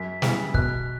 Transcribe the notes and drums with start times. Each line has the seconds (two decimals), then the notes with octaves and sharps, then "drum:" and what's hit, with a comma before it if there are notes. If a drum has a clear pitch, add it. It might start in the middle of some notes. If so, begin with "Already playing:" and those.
Already playing: F#2 B6
0.22 C#3 E3 G3 B3, drum: snare
0.54 B2 F#6, drum: kick